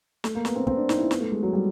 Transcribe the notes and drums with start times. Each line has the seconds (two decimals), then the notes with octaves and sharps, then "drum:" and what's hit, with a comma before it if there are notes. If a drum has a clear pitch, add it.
0.24 A3, drum: snare
0.35 A#3
0.45 B3, drum: snare
0.55 C4
0.67 C4, drum: kick
0.77 D4
0.89 D#4, drum: snare
0.99 E4
1.11 B3, drum: snare
1.20 A3
1.32 G#3
1.43 F#3
1.53 G3